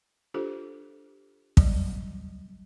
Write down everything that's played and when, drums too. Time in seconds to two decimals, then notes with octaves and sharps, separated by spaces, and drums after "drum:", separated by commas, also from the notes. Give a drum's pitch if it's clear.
0.34 D4 F4 G4 A4 C5
1.57 F#3 G3, drum: kick